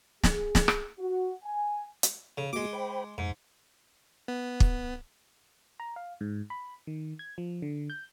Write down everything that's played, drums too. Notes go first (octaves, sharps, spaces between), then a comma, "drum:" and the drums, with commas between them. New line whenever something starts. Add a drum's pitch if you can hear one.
G#4, drum: snare
drum: snare
drum: rim click
F#4
G#5
drum: hi-hat
C#3 A4
G#3 A#3 F#4 D6
C5 G5 B5
F2 G#2
B3
drum: kick
A#5
F5
G#2
B5
D#3
G#6
F3
D3
G6